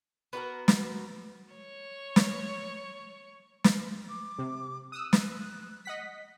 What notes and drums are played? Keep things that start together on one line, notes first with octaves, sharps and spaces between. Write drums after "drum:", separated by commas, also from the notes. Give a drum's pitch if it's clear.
B3 F#4 G4 A#4
drum: snare
C#5 C#6
drum: snare
drum: snare
D6
C3
D#6 E6 F#6
drum: snare
D#5 F#5 B6